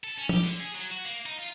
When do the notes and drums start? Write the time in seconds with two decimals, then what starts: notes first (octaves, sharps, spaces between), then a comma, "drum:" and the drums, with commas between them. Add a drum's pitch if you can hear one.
0.04 A4
0.18 C#4
0.29 G4, drum: tom F3
0.44 D3
0.60 G#4
0.75 F#3
0.91 F#4
1.05 A#3
1.26 D#4
1.38 F4